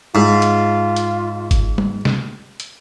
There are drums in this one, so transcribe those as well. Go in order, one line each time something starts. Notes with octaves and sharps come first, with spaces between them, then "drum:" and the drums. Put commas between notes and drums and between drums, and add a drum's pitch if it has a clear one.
G#2 F4
drum: hi-hat
drum: hi-hat
drum: kick G1, hi-hat
drum: tom G3
drum: snare
drum: hi-hat